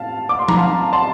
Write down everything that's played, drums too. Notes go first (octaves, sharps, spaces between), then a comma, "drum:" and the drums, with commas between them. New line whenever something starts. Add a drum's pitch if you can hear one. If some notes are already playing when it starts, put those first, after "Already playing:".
Already playing: F5 A5
D6
C6
A#5, drum: tom
F5 A5
A5 C6